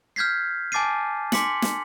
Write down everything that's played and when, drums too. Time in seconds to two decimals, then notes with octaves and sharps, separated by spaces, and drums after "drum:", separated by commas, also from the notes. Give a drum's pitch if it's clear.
0.16 F6 G6 G#6 B6 C7
0.72 G#5 A5 D6 A6 C7 D#7
1.32 G#5 C6 D6 B6 C#7 F#7, drum: snare
1.62 drum: snare